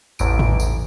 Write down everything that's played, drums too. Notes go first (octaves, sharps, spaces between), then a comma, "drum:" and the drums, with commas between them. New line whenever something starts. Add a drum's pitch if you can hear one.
A1 E2 D7, drum: tambourine
drum: tom G#2
drum: tambourine